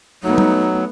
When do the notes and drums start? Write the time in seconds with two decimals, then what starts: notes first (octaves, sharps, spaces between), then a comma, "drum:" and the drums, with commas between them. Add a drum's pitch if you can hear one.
0.24 F#3 A3 B3 D#4
0.38 drum: tom